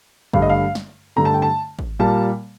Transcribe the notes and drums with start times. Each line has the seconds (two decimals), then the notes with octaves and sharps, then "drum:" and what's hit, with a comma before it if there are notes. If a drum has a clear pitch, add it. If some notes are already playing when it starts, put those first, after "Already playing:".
0.33 G2 D3 A3 F5, drum: kick
0.42 D#5
0.50 F5
0.75 drum: snare
1.16 G2 D3 A3 A#5
1.25 A5
1.34 G5
1.42 A5
1.79 drum: kick
1.99 A#2 G3 A#3 A5